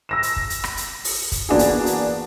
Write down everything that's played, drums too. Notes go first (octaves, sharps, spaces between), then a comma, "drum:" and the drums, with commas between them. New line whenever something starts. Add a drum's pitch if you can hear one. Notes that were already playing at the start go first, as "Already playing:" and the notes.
E6 A#6 E7
drum: hi-hat
drum: kick
drum: hi-hat
drum: rim click
drum: hi-hat
drum: open hi-hat
drum: kick, hi-hat
E3 A#3 B3 D4 F#4 G#4
drum: hi-hat
drum: hi-hat